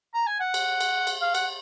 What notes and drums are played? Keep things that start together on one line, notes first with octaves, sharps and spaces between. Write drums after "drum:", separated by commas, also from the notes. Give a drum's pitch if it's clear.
A#5
G#5
F#5
drum: cymbal
drum: cymbal
drum: cymbal
F5
F#5, drum: cymbal